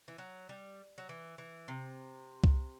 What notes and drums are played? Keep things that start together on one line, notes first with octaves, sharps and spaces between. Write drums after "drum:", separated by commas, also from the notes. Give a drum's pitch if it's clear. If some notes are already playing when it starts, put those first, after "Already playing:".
E3
F#3
G3
F#3
E3
E3
C3
drum: kick C2